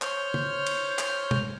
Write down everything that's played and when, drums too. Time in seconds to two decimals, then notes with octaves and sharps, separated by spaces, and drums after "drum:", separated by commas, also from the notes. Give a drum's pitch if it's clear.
0.02 C5 C#5 F6 G6, drum: clap
0.34 drum: tom
0.66 drum: cymbal
0.99 drum: clap
1.31 drum: tom B2